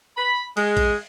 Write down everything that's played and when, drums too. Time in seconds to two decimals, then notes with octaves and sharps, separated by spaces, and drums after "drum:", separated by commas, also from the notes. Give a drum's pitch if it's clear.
0.17 B5
0.57 G#3, drum: cymbal
0.77 drum: kick, cymbal